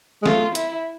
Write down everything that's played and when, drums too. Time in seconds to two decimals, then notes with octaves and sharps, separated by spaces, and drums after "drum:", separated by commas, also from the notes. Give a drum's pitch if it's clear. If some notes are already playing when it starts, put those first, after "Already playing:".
0.22 G#3
0.26 A3 F4, drum: snare
0.55 E4, drum: hi-hat